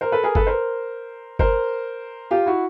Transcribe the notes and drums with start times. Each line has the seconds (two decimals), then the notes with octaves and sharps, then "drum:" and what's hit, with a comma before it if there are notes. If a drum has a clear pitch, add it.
0.01 A#4 C5
0.12 A4 B4
0.23 G#4 A#4
0.35 A4 B4, drum: kick G1
0.47 A#4 C5
1.39 A#4 C5, drum: kick G1
2.31 F4 G4
2.46 E4 F#4